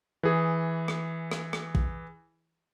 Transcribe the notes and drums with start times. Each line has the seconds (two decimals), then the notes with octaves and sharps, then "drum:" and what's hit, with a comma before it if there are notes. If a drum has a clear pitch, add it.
0.23 E3 G#4
0.88 drum: rim click
1.31 drum: rim click
1.53 drum: rim click
1.75 drum: kick